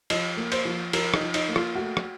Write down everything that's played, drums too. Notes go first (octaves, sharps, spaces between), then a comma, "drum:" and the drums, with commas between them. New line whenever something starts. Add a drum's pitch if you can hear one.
F3 D#5, drum: cymbal
A#3
C5, drum: cymbal
F3
F3 A#4, drum: cymbal
D#4, drum: rim click
F3
D#4, drum: cymbal
A#3
F4, drum: rim click
A3 F#4
drum: rim click